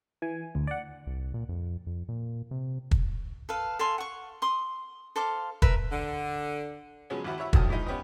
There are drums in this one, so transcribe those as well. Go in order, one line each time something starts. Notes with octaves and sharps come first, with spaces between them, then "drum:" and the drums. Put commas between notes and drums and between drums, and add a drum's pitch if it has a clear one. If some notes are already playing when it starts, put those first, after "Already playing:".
E3 G#5
D2
D5 F#5
C2
A#2
F2
F2
A#2
C3
drum: kick
A4 B4 F5
A4 F5 G#5 C6
F#5 C#6
C6 D#6
A4 C5 F5 D6
A#4 B4 E5, drum: kick
D3
C#3 F3 F#3 G#3 B3 C#4
G#1 D#2 E4 F#4
E4 F#4 C#5 E5 B5
F2 D3 D#3 F#3 A5 D#6, drum: kick
G#2 E3 F3 D#4
B3 C#4 G4 B4 D#5